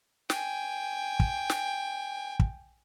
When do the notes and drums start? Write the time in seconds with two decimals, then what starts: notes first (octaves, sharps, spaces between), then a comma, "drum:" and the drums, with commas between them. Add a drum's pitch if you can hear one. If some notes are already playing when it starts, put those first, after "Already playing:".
0.30 G5 G#5, drum: snare
1.20 drum: kick
1.50 drum: snare
2.39 drum: kick